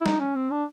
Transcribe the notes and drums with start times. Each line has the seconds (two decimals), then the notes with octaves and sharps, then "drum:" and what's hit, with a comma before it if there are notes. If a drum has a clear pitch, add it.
0.01 E4
0.06 D#4, drum: snare
0.20 C#4
0.36 C4
0.51 D4